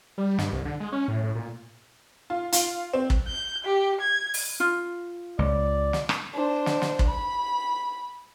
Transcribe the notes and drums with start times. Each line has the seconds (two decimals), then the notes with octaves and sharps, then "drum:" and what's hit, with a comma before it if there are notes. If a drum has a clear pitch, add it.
0.18 G3
0.39 G2, drum: snare
0.52 C2
0.65 D3
0.80 G#3
0.92 C#4
1.08 A2
1.23 A2
1.35 A#2
2.30 F4
2.52 F4, drum: hi-hat
2.93 C4
3.10 drum: kick
3.27 G6
3.65 G4
4.01 G#6
4.34 drum: open hi-hat
4.60 F4
5.39 C#2 D5
5.93 drum: snare
6.09 drum: rim click
6.34 D4 C5
6.66 drum: snare
6.82 drum: snare
6.99 drum: kick
7.09 B5